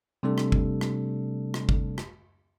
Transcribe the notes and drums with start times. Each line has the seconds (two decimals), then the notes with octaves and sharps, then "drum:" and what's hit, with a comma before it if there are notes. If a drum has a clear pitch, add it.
0.23 C3 G3 A3 D4 A4
0.38 drum: rim click
0.52 drum: kick G1
0.81 drum: rim click
1.54 drum: rim click
1.69 drum: kick G1
1.98 drum: rim click